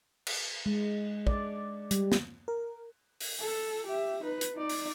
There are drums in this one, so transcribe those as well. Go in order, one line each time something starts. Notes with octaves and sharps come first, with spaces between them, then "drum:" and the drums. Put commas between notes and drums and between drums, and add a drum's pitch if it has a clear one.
drum: cymbal
G#3
D5, drum: kick
G3, drum: hi-hat
drum: snare
A#4
drum: open hi-hat
A4
G4 E5
D#4 B4
drum: hi-hat
D#4 D5
drum: open hi-hat